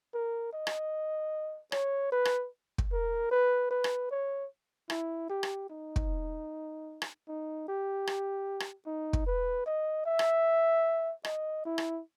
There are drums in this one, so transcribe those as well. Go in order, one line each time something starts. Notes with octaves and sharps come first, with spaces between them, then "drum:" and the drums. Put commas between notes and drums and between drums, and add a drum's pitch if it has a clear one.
A#4
D#5
drum: rim click
C#5, drum: rim click
B4
drum: rim click
drum: kick
A#4
B4
B4
drum: rim click
C#5
E4, drum: rim click
G4
drum: rim click
D#4
drum: kick
drum: rim click
D#4
G4
drum: rim click
drum: rim click
D#4
drum: kick
B4
D#5
E5
drum: rim click
D#5, drum: rim click
E4
drum: rim click